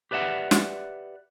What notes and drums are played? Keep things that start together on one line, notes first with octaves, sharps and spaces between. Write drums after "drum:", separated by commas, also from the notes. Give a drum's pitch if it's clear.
G4 B4 D5 E5 F#5
drum: snare